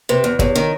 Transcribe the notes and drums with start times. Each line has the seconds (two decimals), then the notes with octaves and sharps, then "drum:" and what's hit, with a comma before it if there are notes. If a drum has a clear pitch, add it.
0.09 C3 B4
0.24 E2
0.39 E2 C#5, drum: kick
0.56 D#3